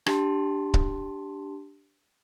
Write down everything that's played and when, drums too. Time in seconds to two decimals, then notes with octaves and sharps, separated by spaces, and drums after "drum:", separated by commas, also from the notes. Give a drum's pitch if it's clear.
0.06 D4 G4 A5 C6, drum: rim click
0.74 drum: kick C#1